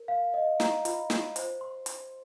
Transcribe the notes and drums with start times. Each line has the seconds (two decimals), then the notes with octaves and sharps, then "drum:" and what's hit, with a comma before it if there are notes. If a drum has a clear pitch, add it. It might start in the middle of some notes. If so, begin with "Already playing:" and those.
Already playing: A#4
0.08 F5
0.34 D#5
0.60 A#5, drum: snare
0.85 F4, drum: hi-hat
1.10 F4, drum: snare
1.36 C5, drum: hi-hat
1.61 C6
1.86 C6, drum: hi-hat